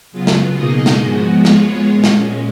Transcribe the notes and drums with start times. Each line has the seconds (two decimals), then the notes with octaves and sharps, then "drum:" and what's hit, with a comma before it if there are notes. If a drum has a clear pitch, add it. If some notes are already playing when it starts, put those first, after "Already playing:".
0.12 C#3 F#3 B3 F4
0.27 drum: snare
0.56 B2 A#3 D#4 G#4 D#5
0.86 drum: snare
1.01 G#2 F3 G#3 B3 F#4
1.45 G#3 B3 F4 G#4 C#5, drum: snare
1.89 A#2 G#3 C#4
2.04 drum: snare